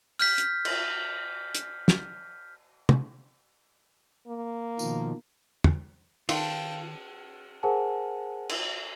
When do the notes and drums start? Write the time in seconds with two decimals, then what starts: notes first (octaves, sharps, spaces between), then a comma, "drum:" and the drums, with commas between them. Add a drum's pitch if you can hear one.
0.19 F6 G6 B6, drum: open hi-hat
0.38 drum: hi-hat
0.65 drum: cymbal
1.55 drum: hi-hat
1.88 drum: snare
2.89 drum: tom
4.28 A#3
4.79 B2 D#3 F3, drum: tambourine
5.64 drum: tom
6.29 D#3 F4 G5 A5, drum: cymbal
7.63 G#4 A#4 C5 F#5 G#5 A5
8.49 drum: cymbal